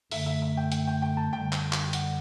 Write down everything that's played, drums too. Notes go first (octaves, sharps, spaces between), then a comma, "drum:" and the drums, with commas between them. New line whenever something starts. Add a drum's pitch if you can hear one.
F#2 D3 A3 E5, drum: open hi-hat
E5
E5
G5
G5, drum: hi-hat
G5
G5
A5
F#2 D3 G3 G5
drum: clap
drum: clap
F#5, drum: hi-hat